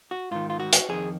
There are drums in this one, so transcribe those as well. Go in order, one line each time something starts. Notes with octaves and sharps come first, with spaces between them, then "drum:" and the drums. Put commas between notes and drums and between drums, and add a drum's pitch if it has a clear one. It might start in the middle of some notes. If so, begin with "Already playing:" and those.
F#4
G#2 D#3 F4
F4
F#4
drum: hi-hat
F2 D#3 G#4